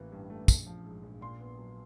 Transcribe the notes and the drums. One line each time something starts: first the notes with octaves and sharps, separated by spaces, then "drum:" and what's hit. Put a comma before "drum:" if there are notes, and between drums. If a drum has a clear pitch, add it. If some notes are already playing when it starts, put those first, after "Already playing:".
Already playing: A1 E3 A#3
G2
A3
A#1, drum: kick, tambourine
F3
G#2
A#1
A#2 C6
B3
F#3